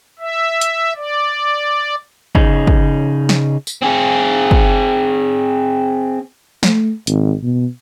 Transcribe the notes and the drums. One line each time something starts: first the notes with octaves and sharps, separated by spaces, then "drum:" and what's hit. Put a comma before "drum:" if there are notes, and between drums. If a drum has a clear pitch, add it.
E5
drum: hi-hat
D5
C#3 C#4 D#4 G#4, drum: kick
drum: kick
drum: snare
drum: tambourine
C4 G#4
drum: kick
A3, drum: snare
G#1, drum: hi-hat
B2